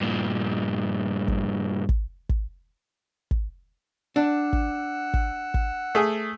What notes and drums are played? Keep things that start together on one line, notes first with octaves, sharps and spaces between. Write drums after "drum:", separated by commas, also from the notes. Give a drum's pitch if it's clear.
G2 A#2
drum: kick
drum: kick
drum: kick
drum: kick
D4 F#5 E6
drum: kick
drum: kick
drum: kick
A3 G#4